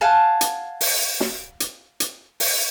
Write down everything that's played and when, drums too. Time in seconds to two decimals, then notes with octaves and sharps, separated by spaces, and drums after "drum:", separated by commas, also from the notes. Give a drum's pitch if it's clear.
0.01 F5 F#5 G#5 A5
0.41 drum: hi-hat
0.81 drum: open hi-hat
1.20 drum: snare
1.60 drum: hi-hat
2.00 drum: hi-hat
2.40 drum: open hi-hat